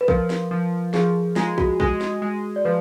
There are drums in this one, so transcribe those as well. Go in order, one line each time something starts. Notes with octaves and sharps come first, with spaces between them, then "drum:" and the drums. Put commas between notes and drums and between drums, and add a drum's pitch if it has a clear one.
B4
F3 A#4, drum: kick
drum: snare
F3
F3 G#4, drum: snare
G#3 F4, drum: snare
F#4, drum: kick
G#3, drum: kick
drum: snare
G#3
D5
F3 B4